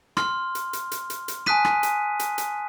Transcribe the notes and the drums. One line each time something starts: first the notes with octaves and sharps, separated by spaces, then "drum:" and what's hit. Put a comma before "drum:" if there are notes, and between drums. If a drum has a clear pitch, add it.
C6 F6, drum: rim click
drum: hi-hat
drum: hi-hat
drum: hi-hat
drum: hi-hat
drum: hi-hat
G#5 A5 D#6 F#6 B6 D#7, drum: rim click
drum: rim click
drum: hi-hat
drum: hi-hat
drum: hi-hat